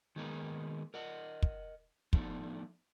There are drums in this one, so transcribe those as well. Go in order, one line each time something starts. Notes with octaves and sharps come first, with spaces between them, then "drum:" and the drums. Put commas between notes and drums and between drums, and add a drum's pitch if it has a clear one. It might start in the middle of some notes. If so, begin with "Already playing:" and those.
D#3 G#3 A#3 B3 D#4 A#4
A#4 D#5 F#5
drum: kick
F3 A3 B3 D4 D#4, drum: kick